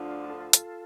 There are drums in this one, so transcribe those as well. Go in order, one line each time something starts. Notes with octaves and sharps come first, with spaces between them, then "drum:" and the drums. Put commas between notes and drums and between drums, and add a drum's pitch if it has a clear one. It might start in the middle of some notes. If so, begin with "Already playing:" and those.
Already playing: D2 D3 F3 D4 F4
F4 A4
drum: hi-hat